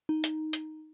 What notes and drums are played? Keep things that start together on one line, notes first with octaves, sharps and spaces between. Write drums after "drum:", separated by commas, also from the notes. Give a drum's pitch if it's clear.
D#4
drum: hi-hat
drum: hi-hat